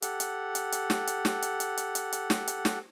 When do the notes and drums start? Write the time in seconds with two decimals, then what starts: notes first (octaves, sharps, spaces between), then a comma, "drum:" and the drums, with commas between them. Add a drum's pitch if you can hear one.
0.02 G4 A4 F#5, drum: hi-hat
0.20 drum: hi-hat
0.55 drum: hi-hat
0.72 drum: hi-hat
0.90 drum: snare
1.07 drum: hi-hat
1.25 drum: snare
1.42 drum: hi-hat
1.60 drum: hi-hat
1.77 drum: hi-hat
1.95 drum: hi-hat
2.12 drum: hi-hat
2.30 drum: snare
2.48 drum: hi-hat
2.65 drum: snare